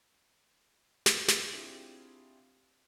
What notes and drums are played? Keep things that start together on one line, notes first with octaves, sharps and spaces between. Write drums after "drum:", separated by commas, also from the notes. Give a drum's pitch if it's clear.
drum: snare
drum: snare
C4 D4 E4 F4 G4 G#4